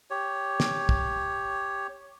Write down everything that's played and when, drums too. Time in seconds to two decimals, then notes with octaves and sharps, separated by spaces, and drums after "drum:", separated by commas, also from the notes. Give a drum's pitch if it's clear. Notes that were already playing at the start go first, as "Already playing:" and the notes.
0.10 G4 C#5
0.60 drum: snare
0.89 drum: kick